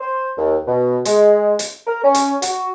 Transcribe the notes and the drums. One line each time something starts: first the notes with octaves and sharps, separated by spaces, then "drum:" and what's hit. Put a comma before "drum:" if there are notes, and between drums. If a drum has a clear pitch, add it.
C5
D#2
B2
G#3, drum: hi-hat
drum: hi-hat
A#4
C#4
drum: hi-hat
F#4, drum: hi-hat